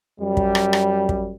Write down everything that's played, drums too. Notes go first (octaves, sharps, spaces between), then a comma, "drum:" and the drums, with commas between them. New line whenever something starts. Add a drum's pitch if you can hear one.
F#2 G3
drum: kick
drum: rim click
drum: rim click
drum: kick